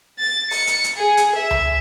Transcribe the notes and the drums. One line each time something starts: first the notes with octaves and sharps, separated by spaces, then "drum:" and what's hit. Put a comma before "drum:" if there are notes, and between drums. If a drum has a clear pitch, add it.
A6
C#7, drum: open hi-hat
drum: hi-hat
drum: hi-hat
G#4
drum: hi-hat
E5
drum: tom C#2